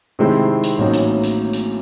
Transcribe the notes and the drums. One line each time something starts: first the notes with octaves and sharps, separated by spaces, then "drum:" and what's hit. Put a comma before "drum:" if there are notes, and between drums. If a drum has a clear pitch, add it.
C3 D#3 G#3 C4 E4
drum: hi-hat
A1 A2 F#3 A#3 D#4
drum: hi-hat
drum: hi-hat
drum: hi-hat